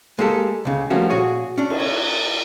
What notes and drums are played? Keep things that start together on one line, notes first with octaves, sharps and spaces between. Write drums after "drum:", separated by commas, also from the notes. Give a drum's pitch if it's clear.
G#3 A#3 G4 A4
C#2 C#3
F3 G3 A3 A#3 C#4 F#4
A#2 F#4 G#4 C#5
C#4 D4
drum: cymbal
C#5